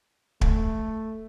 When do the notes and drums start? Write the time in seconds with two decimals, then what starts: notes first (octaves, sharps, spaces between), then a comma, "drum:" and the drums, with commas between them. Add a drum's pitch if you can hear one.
0.41 A3, drum: kick